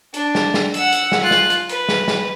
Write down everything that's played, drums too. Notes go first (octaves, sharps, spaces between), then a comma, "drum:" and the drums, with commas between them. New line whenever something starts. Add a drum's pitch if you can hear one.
D4, drum: hi-hat
drum: snare
drum: snare
F#5 E6, drum: hi-hat
drum: hi-hat
drum: snare
F4 F#6
drum: snare
drum: hi-hat
B4, drum: hi-hat
drum: snare
drum: snare